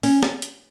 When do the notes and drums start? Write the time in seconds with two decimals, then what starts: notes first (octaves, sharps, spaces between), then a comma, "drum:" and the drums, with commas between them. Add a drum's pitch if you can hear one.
0.03 C#4, drum: open hi-hat
0.23 drum: snare
0.42 drum: hi-hat